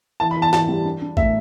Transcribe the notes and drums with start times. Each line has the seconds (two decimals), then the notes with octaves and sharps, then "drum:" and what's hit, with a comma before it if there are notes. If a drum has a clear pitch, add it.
0.20 E3 A5
0.31 B5
0.36 E3
0.42 A5
0.53 E3 A5, drum: snare
0.68 G3
0.85 D4
1.02 D4
1.17 A2 E5, drum: kick A1